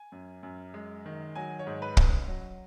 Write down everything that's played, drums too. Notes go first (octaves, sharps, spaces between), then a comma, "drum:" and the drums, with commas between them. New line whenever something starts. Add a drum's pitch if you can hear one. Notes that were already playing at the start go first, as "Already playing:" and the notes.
Already playing: G#5
F#2
F#2
G#3
D#3
F#3 G#5
C#5
G#2
B4
C#4, drum: kick
F#3